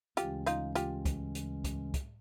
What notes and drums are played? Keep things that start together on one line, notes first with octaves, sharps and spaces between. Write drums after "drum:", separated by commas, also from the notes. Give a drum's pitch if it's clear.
D2 C#3 E3 G#3 C#4 F4 G4, drum: hi-hat
D#4 F4, drum: hi-hat
F4 G4, drum: hi-hat
drum: kick, hi-hat
drum: hi-hat
drum: kick, hi-hat
drum: kick, hi-hat